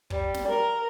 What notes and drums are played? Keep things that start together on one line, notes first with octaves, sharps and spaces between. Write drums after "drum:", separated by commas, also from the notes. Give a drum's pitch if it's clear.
G3, drum: kick
drum: snare
A#4